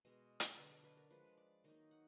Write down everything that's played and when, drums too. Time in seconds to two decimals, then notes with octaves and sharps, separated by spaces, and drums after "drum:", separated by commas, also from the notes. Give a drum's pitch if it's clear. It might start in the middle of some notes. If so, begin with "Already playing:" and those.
0.05 B2 G#3 B3 D#5
0.40 drum: hi-hat
0.57 D3 F#3 D4 B4
0.71 D5
0.84 B4
0.97 A#4
1.10 F3 G#3 D4 B4
1.37 D5
1.64 D#3 F#3 A#3 D#4 D#5
1.91 F#5